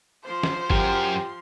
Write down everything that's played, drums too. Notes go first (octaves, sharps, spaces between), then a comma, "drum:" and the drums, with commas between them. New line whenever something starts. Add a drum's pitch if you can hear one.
F3 C5 C6
drum: snare
F#2 G4 A#4, drum: kick G1